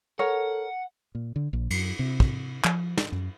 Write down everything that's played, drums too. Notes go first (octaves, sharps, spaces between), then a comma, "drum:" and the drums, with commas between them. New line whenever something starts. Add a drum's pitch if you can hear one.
A4 A#4 C#5 F#5
A#2
D3
A#1
F#2, drum: cymbal
C3
drum: kick
F3, drum: clap
drum: snare
F#2